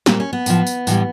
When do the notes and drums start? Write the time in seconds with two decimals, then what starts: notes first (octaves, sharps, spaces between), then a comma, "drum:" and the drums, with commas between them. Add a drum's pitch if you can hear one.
0.06 A#2 G3 C4, drum: snare
0.20 C#4
0.33 B3
0.46 A2 F3, drum: tambourine
0.67 drum: tambourine
0.87 A2 E3 G3, drum: tambourine